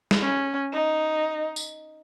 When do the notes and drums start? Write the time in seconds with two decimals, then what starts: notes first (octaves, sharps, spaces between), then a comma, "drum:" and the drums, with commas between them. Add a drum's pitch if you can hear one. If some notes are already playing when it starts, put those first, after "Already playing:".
0.11 drum: snare
0.21 C#4
0.73 D#4
1.56 drum: tambourine